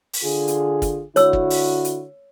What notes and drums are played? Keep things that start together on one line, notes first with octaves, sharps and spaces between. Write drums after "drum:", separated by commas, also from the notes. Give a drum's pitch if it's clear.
drum: open hi-hat
D3 F4 G#4
drum: hi-hat
drum: kick, hi-hat
D3 E4 F#4 C#5 E6, drum: hi-hat
drum: kick
drum: open hi-hat
drum: hi-hat